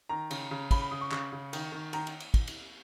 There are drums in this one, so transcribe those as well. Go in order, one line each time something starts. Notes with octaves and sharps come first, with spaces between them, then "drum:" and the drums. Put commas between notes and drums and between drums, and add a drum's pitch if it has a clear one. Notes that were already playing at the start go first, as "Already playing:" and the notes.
D#3 A#5
C#3, drum: cymbal
C#3
C#3 B5, drum: kick, cymbal
B5
C#3 D#6
C#6
C#3 C#6, drum: clap
C#3
D#3, drum: cymbal
D#3
D#3 A#5, drum: cymbal
drum: cymbal
drum: cymbal
drum: kick, cymbal
drum: cymbal